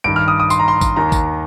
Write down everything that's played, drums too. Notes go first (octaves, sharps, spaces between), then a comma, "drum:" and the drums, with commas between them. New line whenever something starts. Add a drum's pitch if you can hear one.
G2 D#3 D7
F6
D#6
D#6
C6, drum: tambourine
A#5
C6
drum: kick G#1, tambourine
D#2 D#3 A#5
drum: kick G#1, tambourine